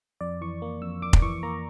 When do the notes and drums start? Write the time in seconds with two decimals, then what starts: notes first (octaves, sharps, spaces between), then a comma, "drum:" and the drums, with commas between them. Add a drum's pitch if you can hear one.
0.21 F2 D5
0.41 E3 C#6
0.62 A#3
0.82 F2 E6
1.02 F2 D6
1.13 drum: kick F1
1.22 E3 C#6
1.43 A#3 A#5